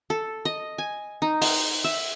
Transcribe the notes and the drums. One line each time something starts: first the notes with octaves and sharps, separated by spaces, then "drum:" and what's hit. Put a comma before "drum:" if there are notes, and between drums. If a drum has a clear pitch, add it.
A4
D#5
G#5
D#4
C5, drum: open hi-hat
E5